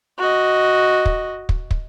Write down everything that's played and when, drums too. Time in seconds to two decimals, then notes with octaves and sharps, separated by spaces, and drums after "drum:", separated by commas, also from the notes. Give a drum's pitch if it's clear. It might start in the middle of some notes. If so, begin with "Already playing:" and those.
0.19 F#4 D#5
1.06 drum: kick
1.49 drum: kick
1.71 drum: kick